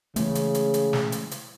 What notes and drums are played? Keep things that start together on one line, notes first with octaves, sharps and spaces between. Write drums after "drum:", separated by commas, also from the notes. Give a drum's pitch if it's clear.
C#3 E3 G#3 A3, drum: hi-hat
drum: hi-hat
drum: hi-hat
drum: hi-hat
drum: snare
drum: hi-hat
drum: hi-hat